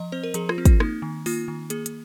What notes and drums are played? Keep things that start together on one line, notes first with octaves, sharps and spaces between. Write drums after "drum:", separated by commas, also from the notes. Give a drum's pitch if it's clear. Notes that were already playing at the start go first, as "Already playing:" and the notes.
Already playing: F3 D#5
C4 C5
A#4
F3 G#4, drum: hi-hat
F4, drum: rim click
C4
F4, drum: kick, hi-hat
A#3 D#4, drum: rim click
D#3
A#3 F4, drum: open hi-hat
D#3
A#3 G#4, drum: hi-hat
drum: hi-hat